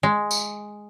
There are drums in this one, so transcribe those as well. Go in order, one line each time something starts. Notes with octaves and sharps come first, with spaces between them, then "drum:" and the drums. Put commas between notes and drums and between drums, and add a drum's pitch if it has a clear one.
G#3
drum: tambourine